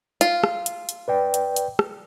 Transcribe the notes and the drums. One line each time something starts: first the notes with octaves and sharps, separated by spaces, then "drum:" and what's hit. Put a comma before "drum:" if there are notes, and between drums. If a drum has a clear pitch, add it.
F4, drum: hi-hat
drum: rim click
drum: hi-hat
drum: hi-hat
B4 D5 G5
drum: hi-hat
drum: hi-hat
drum: rim click